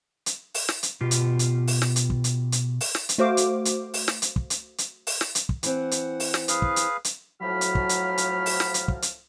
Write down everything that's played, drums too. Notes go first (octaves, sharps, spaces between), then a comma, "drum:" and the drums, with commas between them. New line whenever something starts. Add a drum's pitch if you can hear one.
drum: hi-hat
drum: open hi-hat
drum: snare
drum: hi-hat
B2 F4 G4
drum: hi-hat
drum: hi-hat
drum: open hi-hat
drum: snare
drum: hi-hat
drum: kick
drum: hi-hat
drum: hi-hat
drum: open hi-hat
drum: snare
drum: hi-hat
A3 F#4 C5 F5 D6
drum: hi-hat
drum: hi-hat
drum: open hi-hat
drum: snare
drum: hi-hat
drum: kick
drum: hi-hat
drum: hi-hat
drum: open hi-hat
drum: snare
drum: hi-hat
drum: kick
E3 C4 F#5, drum: hi-hat
drum: hi-hat
drum: open hi-hat
drum: snare
G#4 B4 F5, drum: hi-hat
drum: kick
drum: hi-hat
drum: hi-hat
A2 F3 F#3 F#4 B5 F6
drum: hi-hat
drum: kick
drum: hi-hat
drum: hi-hat
drum: open hi-hat
drum: snare
drum: hi-hat
drum: kick
drum: hi-hat